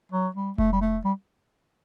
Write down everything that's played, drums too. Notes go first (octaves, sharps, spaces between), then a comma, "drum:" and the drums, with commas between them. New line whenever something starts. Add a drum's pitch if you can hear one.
F#3
G3
A3, drum: kick F1
G3
A3
G3